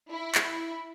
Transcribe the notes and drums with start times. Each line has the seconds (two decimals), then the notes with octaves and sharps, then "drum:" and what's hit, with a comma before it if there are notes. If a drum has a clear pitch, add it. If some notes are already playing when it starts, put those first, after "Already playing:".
0.11 E4
0.35 drum: clap